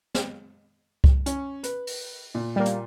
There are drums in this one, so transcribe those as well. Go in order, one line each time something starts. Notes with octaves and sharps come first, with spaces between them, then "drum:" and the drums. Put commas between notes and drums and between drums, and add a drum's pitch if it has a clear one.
drum: snare
drum: kick C2
C#4, drum: hi-hat
B4, drum: hi-hat
drum: open hi-hat
A#2
G3 A#3
drum: hi-hat